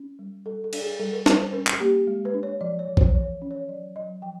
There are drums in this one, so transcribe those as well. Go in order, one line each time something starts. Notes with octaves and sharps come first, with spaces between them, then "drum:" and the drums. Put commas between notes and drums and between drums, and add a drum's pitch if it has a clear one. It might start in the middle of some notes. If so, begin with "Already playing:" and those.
Already playing: C#4
G3
G3 A4
A4
D4, drum: cymbal
G#4
G3 A4
A#4
G3 B4, drum: snare
C5
C#4 A#4
drum: clap
A#3 G4
G#3
B4
D4
C#5
F3 D5
C#5
F3
C5, drum: kick
E3 C#5
C#4
C#5
F#3 D5
F#3 D#5
F3 G5